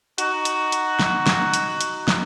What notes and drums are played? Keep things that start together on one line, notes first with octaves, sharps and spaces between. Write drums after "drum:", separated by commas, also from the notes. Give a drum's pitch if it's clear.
D#4 F#4, drum: hi-hat
drum: hi-hat
drum: hi-hat
drum: snare
drum: snare
drum: hi-hat
drum: hi-hat
drum: snare